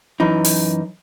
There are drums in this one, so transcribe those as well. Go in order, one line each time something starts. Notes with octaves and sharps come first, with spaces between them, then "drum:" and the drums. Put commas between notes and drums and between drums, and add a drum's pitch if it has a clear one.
F#2 E3 D#4
drum: open hi-hat